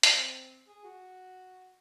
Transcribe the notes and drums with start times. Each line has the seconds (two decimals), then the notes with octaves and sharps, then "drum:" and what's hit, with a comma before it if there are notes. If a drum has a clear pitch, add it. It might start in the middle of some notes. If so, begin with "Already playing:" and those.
0.03 C4, drum: hi-hat
0.68 G#4
0.84 F#4